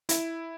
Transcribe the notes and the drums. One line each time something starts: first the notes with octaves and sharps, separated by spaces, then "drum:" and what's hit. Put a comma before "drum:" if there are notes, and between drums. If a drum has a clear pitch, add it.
E4, drum: hi-hat